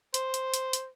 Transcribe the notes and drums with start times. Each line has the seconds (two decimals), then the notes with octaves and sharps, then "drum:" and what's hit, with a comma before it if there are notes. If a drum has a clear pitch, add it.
0.14 C5, drum: hi-hat
0.34 drum: hi-hat
0.54 drum: hi-hat
0.73 drum: hi-hat